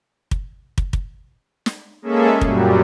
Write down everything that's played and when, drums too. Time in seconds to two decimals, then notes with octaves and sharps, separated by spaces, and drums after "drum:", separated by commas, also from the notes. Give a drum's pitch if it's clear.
0.31 drum: kick
0.78 drum: kick
0.93 drum: kick
1.66 drum: snare
2.02 G#3 A#3 C#4 G#4 A4 E5
2.41 F#2 A#2 F#3 G3, drum: kick